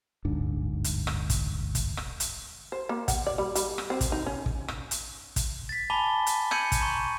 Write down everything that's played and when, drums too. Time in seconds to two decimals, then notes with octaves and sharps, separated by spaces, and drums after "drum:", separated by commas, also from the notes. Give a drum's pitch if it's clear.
0.25 D1 G1 G#2 D4
0.84 drum: hi-hat
1.07 drum: rim click
1.30 drum: kick, hi-hat
1.75 drum: kick, hi-hat
1.97 drum: rim click
2.20 drum: hi-hat
2.72 C5
2.89 A#3
3.08 F#5, drum: kick, hi-hat
3.27 D5
3.38 G3
3.55 G3, drum: hi-hat
3.78 drum: rim click
3.90 C4
4.01 drum: kick, hi-hat
4.12 D#4
4.26 C#4
4.46 drum: kick
4.68 drum: rim click
4.91 drum: hi-hat
5.36 drum: kick, hi-hat
5.69 A6 B6
5.90 G#5 A5 B5 D6 G7
6.27 drum: hi-hat
6.51 G6 G#6 C#7 D#7 F#7, drum: rim click
6.72 drum: kick, hi-hat
6.81 A#5 C6 C#6